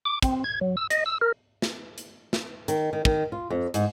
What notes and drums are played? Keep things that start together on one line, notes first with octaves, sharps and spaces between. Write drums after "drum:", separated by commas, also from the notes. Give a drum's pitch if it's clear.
D6
C4, drum: kick, hi-hat
G#6
F#3
E6
D#5, drum: hi-hat
E6
A#4
drum: snare
drum: hi-hat
drum: snare
D#3, drum: hi-hat
D#3
D#3, drum: kick
F4
F2
G#2, drum: hi-hat